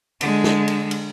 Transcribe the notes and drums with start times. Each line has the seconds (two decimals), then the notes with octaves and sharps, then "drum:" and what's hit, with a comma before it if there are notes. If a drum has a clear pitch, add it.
0.21 D3 G#3, drum: cymbal
0.44 drum: snare
0.68 drum: cymbal
0.91 drum: cymbal